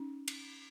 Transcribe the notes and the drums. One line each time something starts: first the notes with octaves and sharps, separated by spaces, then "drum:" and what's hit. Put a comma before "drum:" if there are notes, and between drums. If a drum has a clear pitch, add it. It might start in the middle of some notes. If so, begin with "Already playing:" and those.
Already playing: C#4 D#4
drum: cymbal